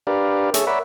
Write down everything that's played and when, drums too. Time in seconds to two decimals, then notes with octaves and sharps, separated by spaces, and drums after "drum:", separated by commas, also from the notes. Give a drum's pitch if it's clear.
0.07 D4 G4 A#4 B4 D5 F5
0.54 G#4 A4 C#5 E5, drum: hi-hat
0.67 A#4 C#5 D5 E5 F#5 B5